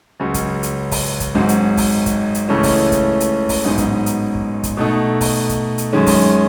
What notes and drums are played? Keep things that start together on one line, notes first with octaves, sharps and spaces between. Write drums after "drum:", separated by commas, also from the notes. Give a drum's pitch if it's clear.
C#2 C#3 F#3
drum: kick, hi-hat
drum: hi-hat
drum: kick, open hi-hat
drum: kick, hi-hat
G#1 G#2 F#3
drum: hi-hat
drum: kick, open hi-hat
drum: kick, hi-hat
drum: hi-hat
C#2 C#3 E3 A3 C#4
drum: kick, open hi-hat
drum: kick, hi-hat
drum: hi-hat
drum: kick, open hi-hat
A1 G#2 F#3 B3 D#4
drum: kick, hi-hat
drum: hi-hat
drum: kick
drum: kick, hi-hat
B2 A3 D#4 A4
drum: kick, open hi-hat
drum: kick, hi-hat
drum: hi-hat
F#2 D#3 G#3 C#4
drum: kick, open hi-hat